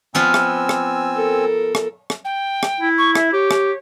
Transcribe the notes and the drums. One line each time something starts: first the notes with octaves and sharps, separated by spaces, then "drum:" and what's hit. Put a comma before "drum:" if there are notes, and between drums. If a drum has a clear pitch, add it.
F3 B3 C4 F4 G#5 E6
drum: rim click
drum: rim click
A4 A#4
drum: rim click
drum: rim click
G5
drum: rim click
E4
C#6
E5, drum: rim click
G4 C#5
drum: rim click